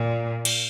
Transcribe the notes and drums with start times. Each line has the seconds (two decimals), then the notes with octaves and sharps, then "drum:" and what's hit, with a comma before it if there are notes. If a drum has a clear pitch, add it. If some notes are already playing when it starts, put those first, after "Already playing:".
Already playing: A#2
0.45 drum: cymbal